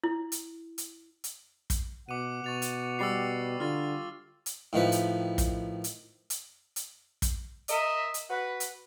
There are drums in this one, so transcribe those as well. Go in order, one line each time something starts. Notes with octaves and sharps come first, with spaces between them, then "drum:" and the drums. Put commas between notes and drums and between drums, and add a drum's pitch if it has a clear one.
E4
drum: hi-hat
drum: hi-hat
drum: hi-hat
drum: kick, hi-hat
B2 F#5 D6 D#7
B2 C#6 A6 F7
drum: hi-hat
G3 G4 E6 A6 C7
D3 F4 F6 A6
drum: hi-hat
A2 D#3 F3 B4
drum: hi-hat
drum: kick, hi-hat
drum: hi-hat
drum: hi-hat
drum: hi-hat
drum: kick, hi-hat
A#4 D#5 E5, drum: hi-hat
drum: hi-hat
F#4 B4
drum: hi-hat